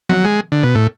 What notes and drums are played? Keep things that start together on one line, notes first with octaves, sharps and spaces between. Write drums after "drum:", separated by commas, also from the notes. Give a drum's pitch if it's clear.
F#3, drum: tom F3
G#3
D3
B2
A2